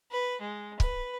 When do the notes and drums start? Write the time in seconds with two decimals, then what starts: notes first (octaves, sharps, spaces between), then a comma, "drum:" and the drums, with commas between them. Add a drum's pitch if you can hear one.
0.11 B4
0.41 G#3
0.80 B4, drum: kick C#1